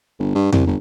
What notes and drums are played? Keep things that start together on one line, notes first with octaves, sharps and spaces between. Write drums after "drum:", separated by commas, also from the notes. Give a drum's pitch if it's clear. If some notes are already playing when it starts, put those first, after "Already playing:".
G1
G2
C2, drum: tom F2
G1